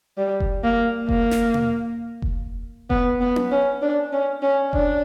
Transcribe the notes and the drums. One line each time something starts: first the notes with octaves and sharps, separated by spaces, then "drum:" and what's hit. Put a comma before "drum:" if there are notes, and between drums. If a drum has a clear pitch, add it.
G3
drum: kick F1
A#3
A#3, drum: kick F1
drum: snare
drum: tom B2
drum: kick F1
B3, drum: kick F1
B3
drum: tom C#4
C#4
D4
C#4
C#4
D4, drum: kick F1